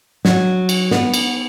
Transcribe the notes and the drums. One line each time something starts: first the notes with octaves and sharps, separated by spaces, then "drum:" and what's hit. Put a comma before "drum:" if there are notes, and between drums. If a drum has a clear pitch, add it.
F#3, drum: snare
drum: cymbal
B3, drum: snare
drum: cymbal